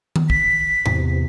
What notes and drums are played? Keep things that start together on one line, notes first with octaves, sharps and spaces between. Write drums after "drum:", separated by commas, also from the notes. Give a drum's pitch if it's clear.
drum: tom D#3
B6, drum: kick
E2 C3, drum: tom G#2